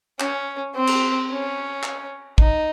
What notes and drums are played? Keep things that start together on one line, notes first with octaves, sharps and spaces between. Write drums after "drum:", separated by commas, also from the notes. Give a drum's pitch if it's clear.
C#4, drum: clap
C4
drum: cymbal
C#4
drum: clap
D#4, drum: kick